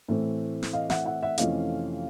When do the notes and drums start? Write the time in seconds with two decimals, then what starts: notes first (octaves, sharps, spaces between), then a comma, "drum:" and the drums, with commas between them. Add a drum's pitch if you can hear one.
0.08 A2 E3 A3 C4
0.63 drum: snare
0.73 D#5 F5
0.90 E5 F#5, drum: snare
1.05 E5 F#5
1.22 E5 F#5
1.38 F2 C3 E3 A3 C#4 D#5 F5, drum: hi-hat